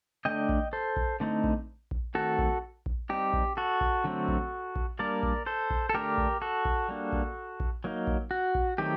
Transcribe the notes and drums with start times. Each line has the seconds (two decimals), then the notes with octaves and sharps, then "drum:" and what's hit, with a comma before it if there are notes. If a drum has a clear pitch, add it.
0.25 D3 A3 D4 D#5 G5
0.49 drum: kick A#1
0.73 A4 C5
0.96 drum: kick A#1
1.20 D3 A3 C4 D#4
1.44 drum: kick A#1
1.91 drum: kick A#1
2.15 D#3 A3 C4 F#4 A4
2.39 drum: kick A#1
2.86 drum: kick A#1
3.09 G3 C4 D#4 G4
3.33 drum: kick A#1
3.57 F#4 A4
3.81 drum: kick A#1
4.04 D3 F#3 A3 C4
4.28 drum: kick A#1
4.76 drum: kick A#1
4.99 G3 A#3 D4 A#4 D5
5.23 drum: kick A#1
5.46 A4 C5
5.70 drum: kick A#1
5.89 A4
5.94 D3 A3 D4 G4 A#4
6.18 drum: kick A#1
6.42 F#4 A4
6.65 drum: kick A#1
6.89 G3 A#3 D4
7.13 drum: kick A#1
7.60 drum: kick A#1
7.84 F#3 A#3 D#4
8.07 drum: kick A#1
8.31 F#4
8.55 drum: kick A#1
8.78 D#3 F#3 A3 C4 D#4 G4